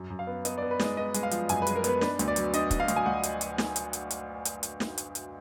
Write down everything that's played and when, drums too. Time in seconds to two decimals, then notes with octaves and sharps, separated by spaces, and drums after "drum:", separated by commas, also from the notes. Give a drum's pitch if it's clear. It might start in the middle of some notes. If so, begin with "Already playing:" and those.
Already playing: F#2
0.10 F#2
0.19 F5
0.27 B3
0.45 B3 D#5, drum: hi-hat
0.58 D5
0.62 B3
0.71 B4
0.79 G#3 D#5, drum: snare
0.97 B3 D#5
1.14 G#3, drum: hi-hat
1.23 F5
1.31 F3, drum: hi-hat
1.49 F#2 G#5, drum: hi-hat
1.62 B4
1.67 G#3, drum: hi-hat
1.76 A#4
1.84 B3 B4, drum: hi-hat
2.01 D4 B4, drum: snare
2.19 D2, drum: hi-hat
2.28 D5
2.36 F#3, drum: hi-hat
2.53 D4 D#5, drum: hi-hat
2.71 D4, drum: kick, hi-hat
2.80 F5
2.88 D2, drum: hi-hat
2.96 G#5
3.06 D2 F#5
3.23 drum: hi-hat
3.41 drum: hi-hat
3.58 drum: snare
3.76 drum: hi-hat
3.93 drum: hi-hat
4.10 drum: hi-hat
4.45 drum: hi-hat
4.63 drum: hi-hat
4.80 drum: snare
4.98 drum: hi-hat
5.15 drum: hi-hat